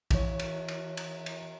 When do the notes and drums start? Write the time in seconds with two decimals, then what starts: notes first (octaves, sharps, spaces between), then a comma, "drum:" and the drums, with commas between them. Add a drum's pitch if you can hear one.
0.11 E3 C#5, drum: kick A#1, cymbal
0.39 drum: cymbal
0.68 drum: cymbal
0.97 drum: cymbal
1.26 drum: cymbal